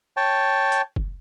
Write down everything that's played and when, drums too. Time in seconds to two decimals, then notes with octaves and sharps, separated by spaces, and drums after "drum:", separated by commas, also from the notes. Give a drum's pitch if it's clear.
0.17 C#5 G5 A5
0.72 drum: hi-hat
0.96 drum: kick